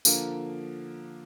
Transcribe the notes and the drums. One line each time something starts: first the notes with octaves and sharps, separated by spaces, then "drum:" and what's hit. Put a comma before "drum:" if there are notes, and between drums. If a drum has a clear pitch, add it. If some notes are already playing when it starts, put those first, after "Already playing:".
D3 F3 A#3, drum: tambourine